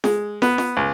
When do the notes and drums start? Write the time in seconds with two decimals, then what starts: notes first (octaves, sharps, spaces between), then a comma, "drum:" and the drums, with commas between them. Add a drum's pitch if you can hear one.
0.04 G#3, drum: snare
0.42 B3, drum: snare
0.58 drum: snare
0.77 C#2